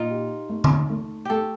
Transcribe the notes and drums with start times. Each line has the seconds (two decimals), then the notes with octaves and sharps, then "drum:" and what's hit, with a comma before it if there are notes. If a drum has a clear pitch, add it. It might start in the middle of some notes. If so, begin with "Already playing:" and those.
Already playing: A#2 D#4 F4
0.10 G4
0.50 A3
0.64 drum: tom D3
0.90 A3
1.25 A3 G4 A4